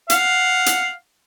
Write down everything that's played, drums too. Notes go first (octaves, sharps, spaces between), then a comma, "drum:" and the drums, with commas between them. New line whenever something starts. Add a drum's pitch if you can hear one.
F5 F#5, drum: hi-hat
drum: hi-hat